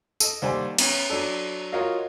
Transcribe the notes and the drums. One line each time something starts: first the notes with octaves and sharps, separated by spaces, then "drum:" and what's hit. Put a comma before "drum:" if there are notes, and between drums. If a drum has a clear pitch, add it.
A4 D#5, drum: tambourine
D#2 G3 C5 D5 F#5 G#5
B3 C#4, drum: cymbal
F#3 D4 A4
F4 F#4 A#4 C#5 D#5 F5